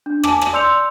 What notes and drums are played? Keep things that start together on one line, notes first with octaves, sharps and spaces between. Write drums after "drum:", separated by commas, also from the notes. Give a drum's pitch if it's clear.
D4
G#5 A5 D6, drum: rim click
drum: rim click
D5 C6 E6 G6 C#7 F7